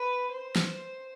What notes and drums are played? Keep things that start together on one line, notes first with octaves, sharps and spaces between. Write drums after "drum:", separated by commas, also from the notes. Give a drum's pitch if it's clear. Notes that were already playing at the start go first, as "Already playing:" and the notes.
Already playing: B4
C5
drum: snare